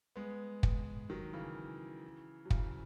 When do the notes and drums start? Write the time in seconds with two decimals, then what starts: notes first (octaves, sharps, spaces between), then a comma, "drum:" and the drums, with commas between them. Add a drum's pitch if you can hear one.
0.16 G#3 B3
0.63 drum: kick
1.10 D#3 F#3
1.33 C#3 E3
2.45 F#3
2.50 C#3 E3, drum: kick